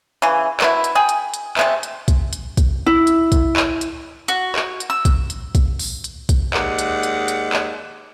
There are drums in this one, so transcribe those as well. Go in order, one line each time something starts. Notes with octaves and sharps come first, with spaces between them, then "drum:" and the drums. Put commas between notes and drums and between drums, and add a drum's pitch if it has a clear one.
C#3 E3
B2 E4, drum: clap
drum: hi-hat
G#4 G5
drum: hi-hat
drum: hi-hat
C3 G#3 A3, drum: clap
drum: hi-hat
drum: kick, hi-hat
drum: hi-hat
drum: kick, hi-hat
E4
drum: hi-hat
drum: kick, hi-hat
drum: clap
drum: hi-hat
F#4, drum: hi-hat
drum: clap
drum: hi-hat
E6
drum: kick, hi-hat
drum: hi-hat
drum: kick, hi-hat
drum: open hi-hat
drum: hi-hat
drum: kick, hi-hat
D#2 G#3 D5 F#5, drum: clap
drum: hi-hat
drum: hi-hat
drum: hi-hat
drum: clap